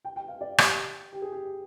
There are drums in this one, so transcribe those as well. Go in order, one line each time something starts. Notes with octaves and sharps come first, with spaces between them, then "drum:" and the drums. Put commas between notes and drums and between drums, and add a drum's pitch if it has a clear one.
G5
G5
F5
D5
G4, drum: rim click
G4
G#4
G4